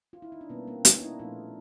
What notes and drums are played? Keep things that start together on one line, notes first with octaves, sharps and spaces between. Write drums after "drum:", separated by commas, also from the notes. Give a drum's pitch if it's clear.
F4
E4
D#4
D4
B2 G3 A#3 B3 C#4
A#3 C4
B3 C#4, drum: hi-hat
D#4
D4 E4
A#2 F3 A3 D#4 F4